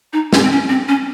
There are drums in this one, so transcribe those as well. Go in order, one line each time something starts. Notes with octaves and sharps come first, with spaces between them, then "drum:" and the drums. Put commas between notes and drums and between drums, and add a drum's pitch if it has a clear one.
D#4
C#4, drum: snare
C4
C#4
C4
C#4